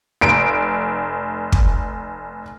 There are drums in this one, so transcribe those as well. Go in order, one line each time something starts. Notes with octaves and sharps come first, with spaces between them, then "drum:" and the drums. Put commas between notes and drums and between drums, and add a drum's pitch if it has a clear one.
F1 D7
drum: kick